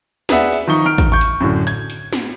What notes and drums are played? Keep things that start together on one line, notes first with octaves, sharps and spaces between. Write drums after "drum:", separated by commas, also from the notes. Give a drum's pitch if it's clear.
G#4 B4 D5 E5 F#5, drum: snare
drum: open hi-hat
D#3 F3 D#4 C#6 G7
D#3 F6 D7
drum: kick, hi-hat
C#6 G6
drum: hi-hat
F#2 A2 D3
G#6, drum: hi-hat
drum: hi-hat
drum: snare